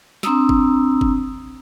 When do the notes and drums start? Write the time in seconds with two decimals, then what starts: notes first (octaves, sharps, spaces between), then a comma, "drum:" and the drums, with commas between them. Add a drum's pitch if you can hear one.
0.23 C4 D4 A#5 D#6 E6, drum: snare
0.49 drum: kick F#1
1.01 drum: kick F#1